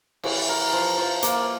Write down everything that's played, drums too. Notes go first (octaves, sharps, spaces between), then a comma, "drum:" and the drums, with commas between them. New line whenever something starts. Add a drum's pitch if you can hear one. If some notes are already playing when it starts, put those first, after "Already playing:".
E3, drum: cymbal
A#4
F3
F3
A#3, drum: hi-hat